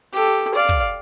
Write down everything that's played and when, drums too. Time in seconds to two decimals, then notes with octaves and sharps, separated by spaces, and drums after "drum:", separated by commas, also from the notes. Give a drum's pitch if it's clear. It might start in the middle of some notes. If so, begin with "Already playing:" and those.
0.13 G4 A4
0.55 D5 F5
0.69 drum: kick